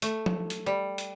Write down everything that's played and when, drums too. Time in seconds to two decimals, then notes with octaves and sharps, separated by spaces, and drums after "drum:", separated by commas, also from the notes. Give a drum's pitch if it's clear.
0.02 A3, drum: hi-hat
0.26 drum: tom F3
0.50 drum: hi-hat
0.66 G3
0.98 drum: hi-hat